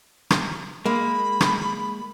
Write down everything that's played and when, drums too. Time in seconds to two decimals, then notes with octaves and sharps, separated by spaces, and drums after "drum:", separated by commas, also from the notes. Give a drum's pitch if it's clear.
0.30 drum: rim click
0.86 G#3 A#3 B5
1.41 drum: rim click